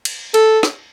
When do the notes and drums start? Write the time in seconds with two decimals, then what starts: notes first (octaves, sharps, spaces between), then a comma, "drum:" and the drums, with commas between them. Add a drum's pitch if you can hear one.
0.05 drum: cymbal
0.34 A4, drum: cymbal
0.63 drum: snare